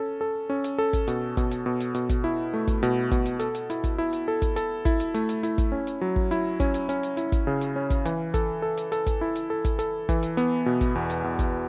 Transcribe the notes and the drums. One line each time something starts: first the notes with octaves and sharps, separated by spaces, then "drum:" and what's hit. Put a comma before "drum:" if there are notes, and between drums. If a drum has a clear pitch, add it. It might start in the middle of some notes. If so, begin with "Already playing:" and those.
Already playing: C#4 A4
A4
C#4
drum: hi-hat
A4
drum: kick, hi-hat
B2, drum: hi-hat
B2, drum: kick, hi-hat
drum: hi-hat
B2
drum: hi-hat
B2, drum: hi-hat
drum: kick, hi-hat
E4
A3
drum: kick, hi-hat
B2, drum: hi-hat
B2, drum: kick, hi-hat
drum: hi-hat
A4, drum: hi-hat
drum: hi-hat
E4, drum: hi-hat
drum: kick, hi-hat
E4
drum: hi-hat
A4
drum: kick, hi-hat
A4, drum: hi-hat
E4, drum: kick, hi-hat
drum: hi-hat
A3, drum: hi-hat
drum: hi-hat
E4, drum: hi-hat
drum: kick, hi-hat
C#4
drum: hi-hat
F#3
drum: kick
E4, drum: hi-hat
C#4, drum: kick, hi-hat
drum: hi-hat
C#4, drum: hi-hat
drum: hi-hat
E4, drum: hi-hat
drum: kick, hi-hat
C#3
drum: hi-hat
C#4
drum: kick, hi-hat
E3, drum: hi-hat
A4, drum: kick, hi-hat
A4
drum: hi-hat
A4, drum: hi-hat
drum: kick, hi-hat
E4
drum: hi-hat
A4
drum: kick, hi-hat
A4, drum: hi-hat
E3, drum: kick, hi-hat
drum: hi-hat
B3, drum: hi-hat
B2
drum: kick, hi-hat
E2
drum: hi-hat
E2
drum: kick, hi-hat